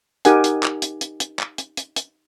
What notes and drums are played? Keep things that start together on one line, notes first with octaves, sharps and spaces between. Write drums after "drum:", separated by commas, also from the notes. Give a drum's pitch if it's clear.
D#4 G4 A#4 F#5 G#5, drum: hi-hat
drum: hi-hat
drum: clap
drum: hi-hat
drum: hi-hat
drum: hi-hat
drum: clap
drum: hi-hat
drum: hi-hat
drum: hi-hat